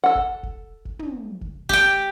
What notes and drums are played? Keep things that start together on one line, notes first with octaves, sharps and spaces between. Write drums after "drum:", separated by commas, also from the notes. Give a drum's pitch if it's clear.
A4 F#5
drum: kick F1
drum: kick F1
drum: kick F1
drum: tom
drum: kick F1
G4 G5, drum: kick F1